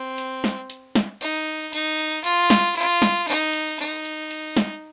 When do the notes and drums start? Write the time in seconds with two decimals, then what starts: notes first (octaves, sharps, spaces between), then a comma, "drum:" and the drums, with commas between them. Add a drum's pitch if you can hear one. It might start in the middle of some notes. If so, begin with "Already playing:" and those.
Already playing: C4
0.18 drum: hi-hat
0.44 drum: snare
0.70 drum: hi-hat
0.95 drum: snare
1.21 D#4, drum: hi-hat
1.73 D#4, drum: hi-hat
1.99 drum: hi-hat
2.24 F4, drum: hi-hat
2.50 drum: snare
2.76 F4, drum: hi-hat
3.02 drum: snare
3.28 D#4, drum: hi-hat
3.53 drum: hi-hat
3.79 D#4, drum: hi-hat
4.05 drum: hi-hat
4.31 drum: hi-hat
4.57 drum: snare